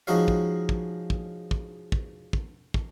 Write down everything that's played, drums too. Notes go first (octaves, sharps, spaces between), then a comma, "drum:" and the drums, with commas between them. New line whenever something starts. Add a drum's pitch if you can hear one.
F3 G#3 D#4 F#4 C#5 F5
drum: kick
drum: kick
drum: kick
drum: kick
drum: kick
drum: kick
drum: kick